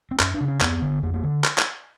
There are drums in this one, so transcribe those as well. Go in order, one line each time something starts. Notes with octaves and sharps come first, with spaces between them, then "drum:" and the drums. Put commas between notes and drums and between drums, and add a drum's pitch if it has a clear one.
C4
F#2 C#4, drum: clap
D4
C#3
C#4
F2 B3, drum: clap
D3
F2 A#3
A#3
D3
drum: clap
drum: clap